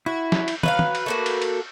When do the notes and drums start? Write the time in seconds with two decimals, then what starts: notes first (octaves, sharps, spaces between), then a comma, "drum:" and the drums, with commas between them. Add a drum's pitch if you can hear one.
0.06 E4 F#4
0.32 drum: snare
0.48 drum: cymbal
0.63 F#3 B4 E5 F5, drum: tom
0.79 drum: tom
0.95 drum: cymbal
1.06 A3 A#3 F#4
1.26 drum: cymbal
1.42 drum: cymbal